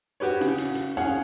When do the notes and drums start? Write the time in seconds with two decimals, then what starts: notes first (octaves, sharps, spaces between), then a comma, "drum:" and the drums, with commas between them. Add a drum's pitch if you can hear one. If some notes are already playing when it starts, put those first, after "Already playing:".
0.20 F#4 G4 B4 C#5
0.41 C#3, drum: hi-hat
0.58 drum: hi-hat
0.75 drum: hi-hat
0.97 C#4 G#4 F5 F#5